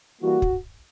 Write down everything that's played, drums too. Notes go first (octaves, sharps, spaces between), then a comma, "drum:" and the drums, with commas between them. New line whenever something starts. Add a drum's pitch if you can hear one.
E3 G3 A#3 F#4
drum: kick